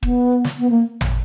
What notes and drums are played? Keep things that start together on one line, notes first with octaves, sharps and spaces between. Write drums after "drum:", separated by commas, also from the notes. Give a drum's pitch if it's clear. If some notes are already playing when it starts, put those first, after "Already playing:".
B3, drum: kick
drum: snare
B3
A#3
drum: tom